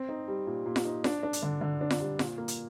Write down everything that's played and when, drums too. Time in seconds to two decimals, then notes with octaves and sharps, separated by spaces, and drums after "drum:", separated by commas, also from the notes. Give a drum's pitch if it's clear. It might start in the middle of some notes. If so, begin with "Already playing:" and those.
Already playing: C4
0.09 D#4
0.28 G3
0.47 A#2
0.66 A#2
0.76 drum: snare F4
0.85 D#4
1.04 D4, drum: snare F4
1.23 D4
1.33 drum: hi-hat
1.43 D3
1.61 D3
1.81 D4
1.90 drum: snare F4
2.00 G3
2.19 A#2, drum: snare F4
2.38 A#3
2.48 drum: hi-hat